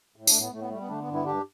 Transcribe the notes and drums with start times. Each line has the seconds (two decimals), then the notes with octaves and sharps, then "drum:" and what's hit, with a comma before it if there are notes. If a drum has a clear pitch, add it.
0.16 A2
0.27 A3 D4, drum: tambourine
0.35 A2
0.40 B3
0.52 A2 A3
0.61 B3
0.70 G3 A3
0.80 B3
0.88 D3 A3 D4
1.01 B3
1.07 G2
1.13 B3 E4
1.25 G2 D4 G4